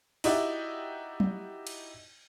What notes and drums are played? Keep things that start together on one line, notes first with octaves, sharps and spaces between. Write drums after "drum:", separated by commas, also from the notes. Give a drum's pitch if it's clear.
D#4 E4 F#4 G4 D5 D#5, drum: open hi-hat
drum: tom
drum: cymbal